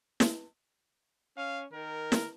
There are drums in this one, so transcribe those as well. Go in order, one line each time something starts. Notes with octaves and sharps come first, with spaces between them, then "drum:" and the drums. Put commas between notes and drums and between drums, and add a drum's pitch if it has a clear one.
drum: snare
C#4 F5
D#3 A#4
drum: snare